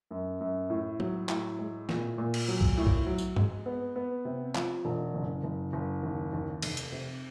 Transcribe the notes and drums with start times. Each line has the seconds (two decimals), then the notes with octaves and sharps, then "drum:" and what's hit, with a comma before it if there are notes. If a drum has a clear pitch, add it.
0.11 F#2
0.40 F#2
0.70 A2
1.00 F#3, drum: tom
1.29 A2, drum: clap
1.59 G#3
1.89 A#2, drum: snare
2.18 A#2
2.34 drum: cymbal
2.48 F#3
2.61 drum: kick B1
2.77 A2
2.87 drum: kick B1
3.06 F#3
3.18 drum: tambourine
3.36 G#3, drum: tom G2
3.66 B3
3.96 B3
4.25 C3
4.55 F3, drum: clap
4.85 E1
5.14 F#1
5.44 F#1
5.73 F#1
6.03 D#2
6.33 D#2
6.62 F1, drum: cymbal
6.77 drum: hi-hat
6.92 C3